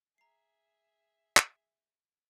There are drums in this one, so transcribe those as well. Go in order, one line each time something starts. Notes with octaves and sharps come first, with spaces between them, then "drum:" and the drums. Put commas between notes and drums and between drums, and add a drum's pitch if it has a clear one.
G#4 E5 A#5 C7
drum: clap